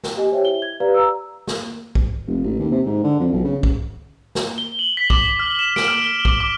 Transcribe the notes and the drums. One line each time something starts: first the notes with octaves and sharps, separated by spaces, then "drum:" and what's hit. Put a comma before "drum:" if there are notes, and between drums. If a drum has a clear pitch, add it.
drum: snare
G4 D#5 G#5
G4 C5 C#5 E5 G5
E4 E5 G7
G#6
G4 B4 D5 F5 A#5
A#5 E6
drum: snare
drum: kick
F1
A1
D#2
C3
G#2
D3
F2
B1
C#3
drum: kick
drum: snare
G7
F#7
B6
D6, drum: kick
F6
E7
D7, drum: snare
F6
G7
D6, drum: kick
D6